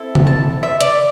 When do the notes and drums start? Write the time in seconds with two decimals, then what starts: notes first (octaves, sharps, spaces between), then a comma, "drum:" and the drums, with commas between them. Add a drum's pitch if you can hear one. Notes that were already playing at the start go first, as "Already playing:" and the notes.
Already playing: C4 E4 A4
0.15 drum: tom C3
0.27 A5
0.63 E5
0.81 D5, drum: hi-hat